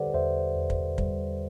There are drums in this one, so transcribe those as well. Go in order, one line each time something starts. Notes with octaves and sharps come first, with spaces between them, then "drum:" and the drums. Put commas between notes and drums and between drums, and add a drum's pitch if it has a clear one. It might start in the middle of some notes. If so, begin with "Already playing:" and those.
Already playing: D3 G3 G4 A4 B4 C5 D5 F#5
E2 C5 E5
E2
drum: kick
G3, drum: kick